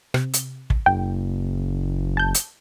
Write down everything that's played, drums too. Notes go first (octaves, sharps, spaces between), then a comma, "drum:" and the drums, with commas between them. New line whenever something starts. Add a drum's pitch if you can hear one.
C3, drum: rim click
drum: hi-hat
drum: kick
F#1 G5
A5 G6
drum: hi-hat